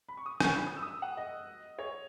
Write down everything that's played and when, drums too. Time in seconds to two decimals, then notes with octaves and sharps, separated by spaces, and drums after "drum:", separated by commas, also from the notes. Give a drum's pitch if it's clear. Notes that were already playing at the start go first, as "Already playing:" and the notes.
0.09 B5
0.17 C#6
0.26 D#6
0.40 C#6, drum: rim click
0.56 B5
0.67 D#6
0.76 E6
0.83 D#6
0.87 E6
1.02 F#5
1.17 D#5
1.79 C#5